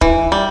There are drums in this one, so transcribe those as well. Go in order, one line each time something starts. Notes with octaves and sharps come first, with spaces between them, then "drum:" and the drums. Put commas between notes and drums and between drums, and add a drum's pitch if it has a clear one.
E3, drum: kick
G3